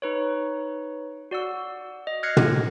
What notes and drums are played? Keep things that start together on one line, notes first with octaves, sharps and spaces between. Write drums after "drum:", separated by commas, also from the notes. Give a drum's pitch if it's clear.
D#4 B4 C#5
F#4 D5 F#5 E6
D#5
F6 F#6 G#6 A#6 C7 C#7
drum: tom